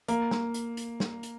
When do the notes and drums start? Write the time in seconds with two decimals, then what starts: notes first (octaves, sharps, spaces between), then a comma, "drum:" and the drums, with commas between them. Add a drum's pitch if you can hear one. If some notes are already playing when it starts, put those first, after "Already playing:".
0.08 A#3, drum: hi-hat
0.31 drum: snare
0.54 drum: hi-hat
0.77 drum: hi-hat
1.00 drum: snare
1.23 drum: hi-hat